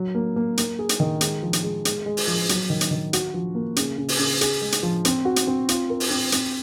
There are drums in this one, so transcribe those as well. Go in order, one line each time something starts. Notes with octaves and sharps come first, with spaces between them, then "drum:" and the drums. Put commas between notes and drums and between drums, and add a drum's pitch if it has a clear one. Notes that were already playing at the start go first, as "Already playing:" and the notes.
Already playing: F#3
A#3
A#3
A#3, drum: hi-hat
G#4
drum: hi-hat
D#3
G#3, drum: hi-hat
F3
drum: hi-hat
G#3
G#3, drum: hi-hat
G#3
drum: open hi-hat
F3
F#3, drum: hi-hat
D#3
drum: hi-hat
D#3
F#4, drum: hi-hat
F3
A#3
C#3, drum: hi-hat
C#3
drum: open hi-hat
C#3
G#4, drum: hi-hat
G#3
drum: hi-hat
F3
C4, drum: hi-hat
F#4
drum: hi-hat
C4
F4, drum: hi-hat
A#4
drum: open hi-hat
C4
C4, drum: hi-hat